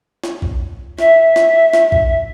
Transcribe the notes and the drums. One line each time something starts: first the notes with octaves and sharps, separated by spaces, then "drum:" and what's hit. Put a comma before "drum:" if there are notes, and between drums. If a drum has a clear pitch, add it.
drum: snare
drum: kick A#1
E5, drum: snare
drum: snare
drum: snare
drum: kick A#1